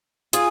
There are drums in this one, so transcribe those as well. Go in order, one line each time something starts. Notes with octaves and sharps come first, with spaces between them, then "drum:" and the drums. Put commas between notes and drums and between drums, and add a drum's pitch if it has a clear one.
F4 G#4, drum: hi-hat